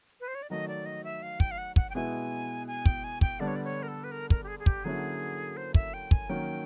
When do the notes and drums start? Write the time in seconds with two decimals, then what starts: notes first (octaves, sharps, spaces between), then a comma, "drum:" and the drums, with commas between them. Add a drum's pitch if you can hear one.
0.20 B4
0.28 C5
0.35 C#5
0.43 D5
0.50 D#3 F#3 A3 D#5
0.68 D5
0.86 D#5
1.04 E5
1.23 F5
1.40 G5, drum: kick
1.51 F5
1.58 F#5
1.76 F#5, drum: kick
1.90 G5
1.95 B2 G#3 B3 E4 G#5
2.67 G#5
2.86 G5, drum: kick
3.04 G#5
3.21 G5, drum: kick
3.40 D3 G3 B3 D4 D5
3.47 C#5
3.55 D5
3.64 C#5
3.83 A#4
3.88 A4
4.04 B4
4.11 A#4
4.30 A#4, drum: kick
4.44 G4
4.48 G#4
4.59 G#4
4.66 G4, drum: kick
4.84 D3 F#3 A#3 C#4 E4 G#4
5.57 C5
5.74 E5, drum: kick
5.94 G5
6.11 G#5, drum: kick
6.29 D#3 F#3 A#3 C#4 G5